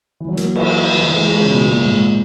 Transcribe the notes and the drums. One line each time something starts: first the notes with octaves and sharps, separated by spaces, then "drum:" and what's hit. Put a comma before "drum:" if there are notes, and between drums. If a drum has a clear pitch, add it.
E3
F#3
A#3, drum: hi-hat
E3, drum: cymbal
E3
E3
G#3
G#3
C#3
B2
A#2
G#2